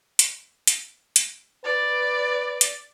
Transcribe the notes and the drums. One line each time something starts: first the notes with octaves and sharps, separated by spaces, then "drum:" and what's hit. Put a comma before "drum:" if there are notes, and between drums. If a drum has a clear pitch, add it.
drum: hi-hat
drum: hi-hat
drum: hi-hat
B4 D5
drum: hi-hat